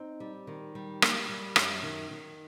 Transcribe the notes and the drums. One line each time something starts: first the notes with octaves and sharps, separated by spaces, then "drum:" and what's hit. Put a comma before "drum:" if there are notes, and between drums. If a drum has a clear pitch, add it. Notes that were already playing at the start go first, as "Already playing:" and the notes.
Already playing: C4 D#4
G3
D#3
G3
A#3, drum: rim click
G3
F#2, drum: rim click
D#3
D#3